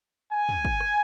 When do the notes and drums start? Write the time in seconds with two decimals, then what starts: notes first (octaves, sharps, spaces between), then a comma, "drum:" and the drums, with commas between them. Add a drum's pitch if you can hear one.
0.33 G#5
0.49 drum: tom
0.65 drum: kick
0.80 drum: rim click